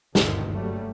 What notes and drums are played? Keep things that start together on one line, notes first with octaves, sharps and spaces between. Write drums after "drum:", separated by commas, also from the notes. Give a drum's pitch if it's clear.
F#1 D2 G2 A#2 D3 D#3, drum: snare
F#3 G3 A3